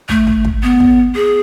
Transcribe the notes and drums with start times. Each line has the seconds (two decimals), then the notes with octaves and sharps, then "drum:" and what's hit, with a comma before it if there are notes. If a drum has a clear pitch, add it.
0.09 A3, drum: kick
0.27 drum: kick
0.45 drum: kick
0.63 B3
0.80 drum: kick
1.16 G#4